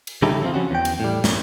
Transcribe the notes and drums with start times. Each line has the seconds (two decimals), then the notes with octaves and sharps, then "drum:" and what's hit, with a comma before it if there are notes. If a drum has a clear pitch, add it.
0.07 drum: cymbal
0.22 C#3 G3 D#4 E4 G4 A4
0.42 F3 C4 F4
0.54 F3 C#4 F#4
0.71 E2 G5
0.85 drum: cymbal
1.00 A2 G3
1.24 F#2, drum: snare